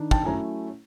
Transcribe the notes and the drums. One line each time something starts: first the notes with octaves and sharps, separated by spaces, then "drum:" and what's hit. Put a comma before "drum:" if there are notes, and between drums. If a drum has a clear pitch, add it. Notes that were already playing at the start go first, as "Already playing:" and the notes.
Already playing: D#3 D4
G5 A5, drum: kick
F#3 A3 C#4 E4 G#5 A#5